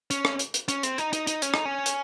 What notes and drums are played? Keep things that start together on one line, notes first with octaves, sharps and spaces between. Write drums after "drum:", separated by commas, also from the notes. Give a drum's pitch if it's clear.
C#4, drum: hi-hat
drum: rim click
drum: hi-hat
drum: hi-hat
C#4, drum: hi-hat
C4, drum: hi-hat
D#4, drum: hi-hat
D#4, drum: hi-hat
D#4, drum: hi-hat
C#4, drum: hi-hat
D#4, drum: rim click
C#4
drum: hi-hat